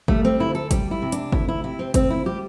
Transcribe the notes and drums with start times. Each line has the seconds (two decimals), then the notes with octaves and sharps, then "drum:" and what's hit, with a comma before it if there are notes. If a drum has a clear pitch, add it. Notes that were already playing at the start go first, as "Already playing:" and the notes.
0.08 G3 A3, drum: kick G#1
0.25 C4
0.40 D2 E4
0.55 A4
0.71 G3 G4, drum: kick G#1, hi-hat
0.91 E4
1.02 C3
1.12 D4, drum: hi-hat
1.32 D2 E4, drum: kick G#1
1.48 E4
1.64 C3 E4
1.79 C4
1.94 D2 C4, drum: kick G#1, hi-hat
2.11 E4
2.26 G3 G4